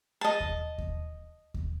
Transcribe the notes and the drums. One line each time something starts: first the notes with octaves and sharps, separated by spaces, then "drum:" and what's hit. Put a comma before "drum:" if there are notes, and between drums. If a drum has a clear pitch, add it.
D#5 A5
drum: kick D#2
drum: kick D#2
drum: kick D#2